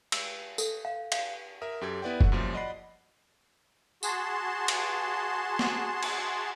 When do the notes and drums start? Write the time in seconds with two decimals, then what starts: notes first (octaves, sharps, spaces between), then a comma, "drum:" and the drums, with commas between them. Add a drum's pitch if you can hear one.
0.12 E6, drum: cymbal
0.58 A4, drum: tambourine
0.85 F5
1.12 F5, drum: cymbal
1.62 A#4 E5 D#6
1.81 F#2 G4 A4 G#6
2.02 B3 E4 B4 D5 F#5 G5
2.21 A3 F#5, drum: kick F#1
2.32 F#2 A#2 F3 G3
2.54 D5 D#5 F#5 B5 C7
4.03 F#4 G#4 A5 C6, drum: tambourine
4.68 drum: cymbal
5.59 drum: snare
6.03 drum: cymbal